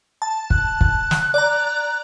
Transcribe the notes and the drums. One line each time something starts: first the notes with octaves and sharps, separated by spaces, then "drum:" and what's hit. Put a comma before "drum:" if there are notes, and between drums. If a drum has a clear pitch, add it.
A5
F#6, drum: kick
drum: kick
drum: snare
D5 A#5